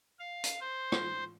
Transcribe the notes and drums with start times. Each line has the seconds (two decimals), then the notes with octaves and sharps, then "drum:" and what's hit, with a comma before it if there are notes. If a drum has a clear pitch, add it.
0.19 F5
0.44 drum: hi-hat
0.61 C5
0.92 drum: rim click